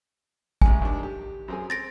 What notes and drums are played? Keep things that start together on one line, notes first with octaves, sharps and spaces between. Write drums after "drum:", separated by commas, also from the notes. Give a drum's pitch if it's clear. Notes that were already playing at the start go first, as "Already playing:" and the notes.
A1 G#3 G#5, drum: kick
D#2 D4
G4
F#2 C4 G#4
C4 A6 A#6 D7